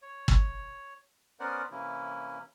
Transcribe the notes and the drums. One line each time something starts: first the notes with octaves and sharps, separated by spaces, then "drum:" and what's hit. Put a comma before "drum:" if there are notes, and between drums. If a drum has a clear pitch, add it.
C#5
drum: kick
B3 C#4 A#4 C5 D5 F#5
C3 E3 A#3 C#4 E4